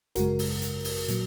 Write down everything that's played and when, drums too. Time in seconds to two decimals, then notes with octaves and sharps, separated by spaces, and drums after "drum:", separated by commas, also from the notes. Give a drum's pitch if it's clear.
0.15 G#1 F#2 C#3 G#3 F#4 A#4, drum: hi-hat
0.39 drum: open hi-hat
0.62 drum: hi-hat
0.85 drum: open hi-hat
1.08 A#2 F#3, drum: hi-hat